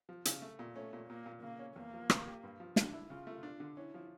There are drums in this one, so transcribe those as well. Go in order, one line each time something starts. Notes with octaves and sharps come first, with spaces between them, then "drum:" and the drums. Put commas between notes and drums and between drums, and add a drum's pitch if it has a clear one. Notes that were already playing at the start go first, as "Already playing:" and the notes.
F3
C#3, drum: hi-hat
A3
A#2
A3 C#4
A#2
A#2 A#3
A#2
C#3 A#3
C#4
E2 A#3
F3
A#2, drum: rim click
G4
G2
F3
D3 D4, drum: snare
E4
C#3 F4
A3
D4
D3
C#4 E4
F3